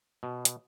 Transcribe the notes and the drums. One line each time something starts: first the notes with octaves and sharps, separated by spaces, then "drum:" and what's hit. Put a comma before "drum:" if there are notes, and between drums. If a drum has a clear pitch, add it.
B2
drum: hi-hat